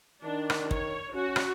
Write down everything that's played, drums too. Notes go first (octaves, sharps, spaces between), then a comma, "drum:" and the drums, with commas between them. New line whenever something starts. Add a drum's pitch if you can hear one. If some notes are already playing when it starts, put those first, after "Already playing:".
D#3 D4
drum: rim click
C#5, drum: kick
C#4 F#4
drum: rim click